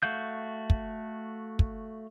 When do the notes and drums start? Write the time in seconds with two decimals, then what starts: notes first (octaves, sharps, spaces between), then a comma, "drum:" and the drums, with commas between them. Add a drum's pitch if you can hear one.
0.03 A3 F#4 F5 G6
0.70 drum: kick
1.59 drum: kick